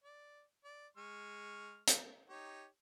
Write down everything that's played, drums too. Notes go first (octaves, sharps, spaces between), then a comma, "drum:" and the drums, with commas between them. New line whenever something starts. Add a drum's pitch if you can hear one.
D5
D5
G#3 C#6 F6
drum: hi-hat
D#4 G4 C#5